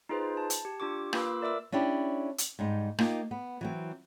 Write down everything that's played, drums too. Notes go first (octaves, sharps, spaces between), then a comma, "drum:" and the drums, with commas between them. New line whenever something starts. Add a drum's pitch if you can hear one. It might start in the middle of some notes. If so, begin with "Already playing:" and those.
D#4 F4 G#4 B4 C5
A5
drum: hi-hat
G4
D4 F4 G4 C#6 D6
A#3 F4 B4 B5 D6 E6, drum: rim click
A#4 D5 E5 D6 E6
C#4 D4 E4 G4
drum: hi-hat
G#2 G3 D#4
A#3 D#4 F4 G4, drum: rim click
B3
E3 F#3 C4